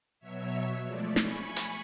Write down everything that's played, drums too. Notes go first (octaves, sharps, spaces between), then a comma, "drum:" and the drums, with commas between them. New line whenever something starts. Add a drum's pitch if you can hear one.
B2 F#3 C#5 E5
F3 G#3 A3 D5
G#5 B5 C#6, drum: snare
drum: hi-hat